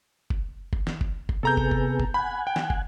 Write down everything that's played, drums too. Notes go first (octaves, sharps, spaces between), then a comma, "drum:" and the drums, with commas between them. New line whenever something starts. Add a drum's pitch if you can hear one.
drum: kick
drum: kick
drum: snare
drum: kick
drum: kick
C3 B3 G#4 A4 A#5 G6
drum: kick
drum: kick
drum: kick
F#5 G#5 B5
G5
drum: snare
drum: kick